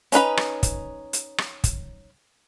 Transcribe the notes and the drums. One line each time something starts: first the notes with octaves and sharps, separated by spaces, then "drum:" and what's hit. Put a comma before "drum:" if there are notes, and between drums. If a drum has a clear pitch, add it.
C#4 D#4 B4 B5, drum: hi-hat
drum: rim click
drum: kick, hi-hat
drum: hi-hat
drum: rim click
drum: kick, hi-hat